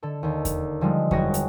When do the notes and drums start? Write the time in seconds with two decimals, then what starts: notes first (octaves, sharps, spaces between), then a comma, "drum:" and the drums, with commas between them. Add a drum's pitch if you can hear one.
0.03 D3 A4
0.23 D#2 D3
0.45 drum: kick E2, hi-hat
0.81 D3 F3 G3 G#3
1.11 F#1 F#4 G#4 C#5 G5 A#6, drum: kick E2
1.34 drum: hi-hat